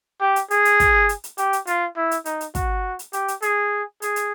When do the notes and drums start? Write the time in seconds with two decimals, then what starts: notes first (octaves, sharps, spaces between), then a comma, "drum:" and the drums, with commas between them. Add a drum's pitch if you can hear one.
0.21 G4
0.36 drum: hi-hat
0.51 G#4, drum: hi-hat
0.65 drum: hi-hat
0.80 drum: kick, hi-hat
1.09 drum: hi-hat
1.24 drum: hi-hat
1.38 G4, drum: hi-hat
1.53 drum: hi-hat
1.67 F4, drum: hi-hat
1.97 E4
2.11 drum: hi-hat
2.25 D#4, drum: hi-hat
2.41 drum: hi-hat
2.55 F#4, drum: kick, hi-hat
2.99 drum: hi-hat
3.13 G4, drum: hi-hat
3.28 drum: hi-hat
3.42 G#4, drum: hi-hat
4.02 G#4, drum: hi-hat
4.16 drum: hi-hat